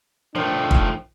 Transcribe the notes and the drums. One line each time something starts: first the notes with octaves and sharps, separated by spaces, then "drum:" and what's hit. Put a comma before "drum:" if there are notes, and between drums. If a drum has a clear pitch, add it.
F2 D#3 F3 A3 D4 C5
drum: kick